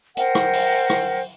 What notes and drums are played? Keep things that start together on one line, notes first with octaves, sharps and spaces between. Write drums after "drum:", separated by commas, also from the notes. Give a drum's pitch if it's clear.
A#4 C5 F#5 G5, drum: hi-hat
drum: rim click
drum: open hi-hat
drum: rim click